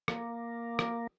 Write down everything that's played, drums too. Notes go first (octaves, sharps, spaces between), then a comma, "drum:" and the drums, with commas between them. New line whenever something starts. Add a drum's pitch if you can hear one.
A#3, drum: rim click
drum: rim click